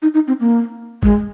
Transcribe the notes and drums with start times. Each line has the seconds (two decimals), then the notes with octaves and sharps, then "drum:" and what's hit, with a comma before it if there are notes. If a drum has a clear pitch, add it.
0.02 D#4
0.14 D#4
0.28 C4
0.40 A#3
1.03 G#3, drum: kick